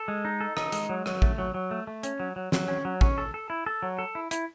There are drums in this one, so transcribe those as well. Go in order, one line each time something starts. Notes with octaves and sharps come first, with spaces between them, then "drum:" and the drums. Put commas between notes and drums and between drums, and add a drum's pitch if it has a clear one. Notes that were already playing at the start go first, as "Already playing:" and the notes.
Already playing: A4
G#3
D#4
A4
D#4, drum: rim click
G#3, drum: hi-hat
F#3
F#3, drum: rim click
A3, drum: kick
F#3
F#3
A3
A3
C#4, drum: hi-hat
F#3
F#3
F#3, drum: snare
C#4
F#3
C#4, drum: kick
A4
A4
E4
A4
F#3
A4
E4
E4, drum: hi-hat